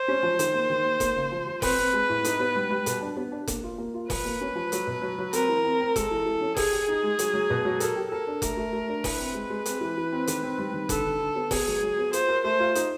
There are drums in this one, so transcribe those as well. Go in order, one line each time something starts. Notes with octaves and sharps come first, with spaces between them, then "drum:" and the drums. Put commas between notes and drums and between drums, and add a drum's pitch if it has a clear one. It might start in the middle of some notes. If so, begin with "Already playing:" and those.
Already playing: C5
C#4
F3
D#3, drum: hi-hat
A#3
D#3
A#3
A#3, drum: kick F1, hi-hat
C#3
F3
F3
C4 B4, drum: kick F1, open hi-hat
C4
G#3
A2
D#4, drum: hi-hat
B3
G3
G3
B2, drum: hi-hat
D4
B3
D4
A#3, drum: kick F1, hi-hat
F4
A#3
F4
F3 B4, drum: kick F1, open hi-hat
A#3
C#4
F3
F#3, drum: hi-hat
B2
F#3
F#3
C4 A#4, drum: hi-hat
E3
C4
C4
G#3 A4, drum: kick F1, hi-hat
E3
E3
C#4
G4 G#4, drum: kick F1, open hi-hat
G4
D#4
G#3
F#3, drum: hi-hat
F#3
B2
F#3
A4 A#4, drum: hi-hat
G4
A4 A#4
D4
A3 A#4, drum: kick F1, hi-hat
A3
A3
D4
E4 B4, drum: kick F1, open hi-hat
C4
G#3
G#3
C4, drum: hi-hat
E3
E3
C4
D#3, drum: hi-hat
C4
G3
D#3
D3 A4, drum: kick F1, hi-hat
D3
D3
B3
B3 G#4, drum: kick F1, open hi-hat
F#3
F#3
B3
F4 C5, drum: hi-hat
A#4
A3 C5
F4
D#4, drum: hi-hat